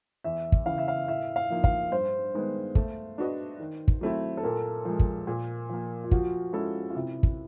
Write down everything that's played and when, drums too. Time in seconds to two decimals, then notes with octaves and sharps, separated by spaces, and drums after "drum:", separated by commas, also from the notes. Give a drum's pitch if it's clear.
0.24 E2 E5
0.52 drum: kick
0.66 C#3 E3 F5
0.78 E5
0.88 F5
1.08 A2 E5
1.36 F5
1.50 F3 A#3 D#4
1.64 F5, drum: kick
1.92 G2 C5
2.35 D#3 G#3 B3
2.75 A3, drum: kick
3.18 D4 F#4 B4 D#5
3.60 D#3
3.88 drum: kick
4.01 F#3 A3 C4 E4
4.37 A4
4.43 A#2 A#4
4.85 F3 G#3
5.00 drum: kick
5.27 A#2
5.69 F3 A#3
6.04 F4
6.11 F3 F#4, drum: kick
6.53 G#3 C#4 E4 F4 A4
6.90 F4
6.95 C3 E4
7.23 drum: kick